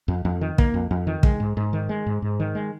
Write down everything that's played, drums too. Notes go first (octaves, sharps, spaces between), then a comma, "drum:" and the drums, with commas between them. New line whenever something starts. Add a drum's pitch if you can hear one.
F2
F2
D#3
A#3, drum: kick
F2
F2
D#3
G#3, drum: kick
G#2
G#2
D#3
G#3
G#2
G#2
D#3
G#3